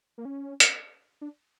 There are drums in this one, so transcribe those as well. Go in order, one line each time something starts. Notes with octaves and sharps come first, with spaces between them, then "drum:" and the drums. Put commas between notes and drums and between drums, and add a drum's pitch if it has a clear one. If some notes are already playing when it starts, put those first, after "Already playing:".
A#3
C#4
drum: hi-hat
D4